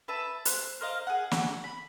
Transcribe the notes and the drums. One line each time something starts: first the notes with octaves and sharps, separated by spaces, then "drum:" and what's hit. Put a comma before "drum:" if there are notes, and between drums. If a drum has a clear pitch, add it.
B4 E5 A5
C5 F#6, drum: hi-hat
A#4 C5 D#5 F5
G#4 F#5
F#5, drum: snare
B5